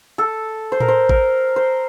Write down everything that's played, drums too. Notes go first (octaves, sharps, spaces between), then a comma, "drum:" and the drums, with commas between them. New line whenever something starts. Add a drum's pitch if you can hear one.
A4
C5
A#4, drum: tom A2
C5
A#4, drum: kick A1
C5